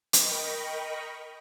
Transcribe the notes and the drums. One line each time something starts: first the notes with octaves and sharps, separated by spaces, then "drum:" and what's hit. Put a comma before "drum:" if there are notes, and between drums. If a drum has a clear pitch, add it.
A#4 D#5 G5 A#5 B5 C#6, drum: hi-hat